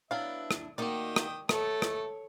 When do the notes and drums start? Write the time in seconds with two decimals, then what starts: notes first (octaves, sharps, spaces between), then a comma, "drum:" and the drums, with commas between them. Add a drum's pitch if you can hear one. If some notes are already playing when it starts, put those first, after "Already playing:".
0.11 F#3 B3 D4 E4 E5 F5
0.51 drum: rim click
0.78 D#3 A#3 D#4 F#4 G4 D5 G5 D#6
1.16 drum: rim click
1.49 A3 A4 C#5, drum: rim click
1.82 drum: rim click